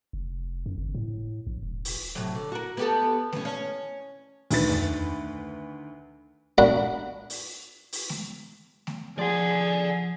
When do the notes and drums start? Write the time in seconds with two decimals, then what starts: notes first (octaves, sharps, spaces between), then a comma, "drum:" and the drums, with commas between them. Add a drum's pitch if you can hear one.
0.13 F1
0.66 F#2
0.77 G1
0.95 A2
1.47 A#1
1.63 E1
1.85 drum: open hi-hat
2.15 A2 C3 F#3
2.35 D3
2.52 F#4 A#4
2.77 B3 G4 A4
3.32 B3 C#4, drum: snare A3
3.45 C#4
4.51 D2 D#3 B4 A6, drum: open hi-hat
4.69 drum: tom F2
6.58 A#3 D4 F#4 B5
7.30 drum: open hi-hat
7.92 drum: open hi-hat
8.09 drum: snare A3
8.87 drum: snare A3
9.19 F3 G#4 D5 F#5 C6